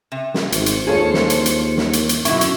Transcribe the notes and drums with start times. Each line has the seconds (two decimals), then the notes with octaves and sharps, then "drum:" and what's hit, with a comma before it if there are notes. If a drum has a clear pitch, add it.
0.12 C3
0.34 drum: snare
0.52 G#1 C5 C#7, drum: hi-hat
0.66 drum: hi-hat
0.87 D#2 G#3 F4 G#4 A4 C#5
1.14 drum: snare
1.30 drum: hi-hat
1.46 drum: hi-hat
1.77 drum: snare
1.93 drum: hi-hat
2.09 drum: hi-hat
2.25 F#2 B2 D3 E4 C#6, drum: hi-hat
2.41 drum: hi-hat